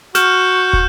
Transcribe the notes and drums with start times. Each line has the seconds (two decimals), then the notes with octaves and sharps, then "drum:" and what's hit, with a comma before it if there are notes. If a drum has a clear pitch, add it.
0.15 F#4 F6 G6 E7, drum: snare
0.73 drum: kick